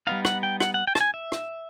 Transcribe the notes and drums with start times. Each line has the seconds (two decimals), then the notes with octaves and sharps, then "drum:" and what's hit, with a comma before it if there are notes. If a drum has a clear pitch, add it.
0.07 G3 B3 D#4 F5
0.25 F#5, drum: rim click
0.43 G5
0.60 F#5, drum: rim click
0.74 F#5
0.87 G5
0.95 A5, drum: rim click
1.01 G#5
1.14 E5
1.32 drum: rim click